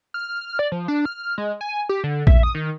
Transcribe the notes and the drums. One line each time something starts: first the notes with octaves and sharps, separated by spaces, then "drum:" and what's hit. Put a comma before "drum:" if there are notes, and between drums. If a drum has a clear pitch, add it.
F6
D5
F3
D4
F6
G#3
G#5
G4
D3
E5, drum: kick A#1
D#6
D#3